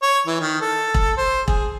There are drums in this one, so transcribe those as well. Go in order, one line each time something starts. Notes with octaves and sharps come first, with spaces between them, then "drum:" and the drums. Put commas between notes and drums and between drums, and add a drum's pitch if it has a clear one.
C#5
E3
D#3
A4
drum: kick E1
C5
G#4, drum: kick E1